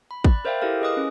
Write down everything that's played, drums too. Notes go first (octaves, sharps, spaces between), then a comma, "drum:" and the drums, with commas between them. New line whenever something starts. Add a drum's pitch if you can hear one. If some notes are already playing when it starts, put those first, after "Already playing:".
B5
D5 B5 F#6, drum: kick
A#4 C5 D5 E5 F5 G5
E4 G4 A4 A#4 F5
G#4 B4 D#5 D6 D#6 F#6
C#4